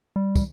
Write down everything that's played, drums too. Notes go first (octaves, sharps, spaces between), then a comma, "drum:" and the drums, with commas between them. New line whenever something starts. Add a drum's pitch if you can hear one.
G3
drum: kick, tambourine